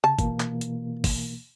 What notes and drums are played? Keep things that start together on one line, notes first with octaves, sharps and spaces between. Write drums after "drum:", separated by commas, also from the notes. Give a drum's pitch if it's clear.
C#3 A5
B2 E3 A#3, drum: kick, hi-hat
drum: clap
drum: hi-hat
drum: kick, open hi-hat